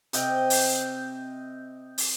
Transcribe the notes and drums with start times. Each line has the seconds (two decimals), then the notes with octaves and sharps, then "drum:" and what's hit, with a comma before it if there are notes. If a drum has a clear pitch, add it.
0.13 C3 D#5 G5, drum: hi-hat
0.50 drum: open hi-hat
1.98 drum: open hi-hat